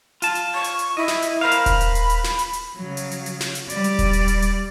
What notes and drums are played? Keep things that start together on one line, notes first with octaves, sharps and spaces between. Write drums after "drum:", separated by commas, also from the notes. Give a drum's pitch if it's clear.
F4 A5, drum: hi-hat
drum: hi-hat
C#6
drum: hi-hat
drum: hi-hat
E4 D#5
drum: snare
drum: hi-hat
A#4 C5 F5 B5
drum: hi-hat
drum: kick D#1, hi-hat
drum: hi-hat
drum: hi-hat
drum: hi-hat
drum: snare
drum: hi-hat
drum: hi-hat
C#3 F#3
drum: hi-hat
drum: hi-hat
drum: hi-hat
drum: snare
drum: hi-hat
G3 D5, drum: hi-hat
drum: hi-hat
drum: kick D#1, hi-hat
drum: hi-hat
drum: hi-hat
drum: hi-hat